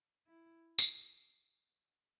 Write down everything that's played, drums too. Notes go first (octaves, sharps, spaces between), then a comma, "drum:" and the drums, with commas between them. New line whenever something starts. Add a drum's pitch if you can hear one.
E4
drum: tambourine